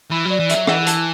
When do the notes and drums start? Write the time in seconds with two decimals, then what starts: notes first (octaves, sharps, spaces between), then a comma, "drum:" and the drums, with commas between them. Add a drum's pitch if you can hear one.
0.11 E3 B5
0.25 F#3 D5
0.40 E3
0.50 F#3 E5, drum: hi-hat
0.67 E3 F#5, drum: rim click
0.87 A5, drum: hi-hat